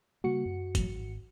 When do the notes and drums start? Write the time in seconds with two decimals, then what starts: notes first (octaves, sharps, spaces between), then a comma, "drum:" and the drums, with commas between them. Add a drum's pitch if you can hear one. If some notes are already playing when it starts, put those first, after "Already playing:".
0.24 C#3 G3 A#3 F#4 C#7
0.46 F#2
0.75 A2 E3 F#3, drum: kick, hi-hat
0.88 G#1